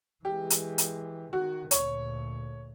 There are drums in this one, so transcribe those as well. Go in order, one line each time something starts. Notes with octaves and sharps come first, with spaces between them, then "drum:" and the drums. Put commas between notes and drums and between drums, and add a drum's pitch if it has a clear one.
E3 G#3 G4
drum: hi-hat
drum: hi-hat
D#3 F#4
D2 A#2 C#5, drum: hi-hat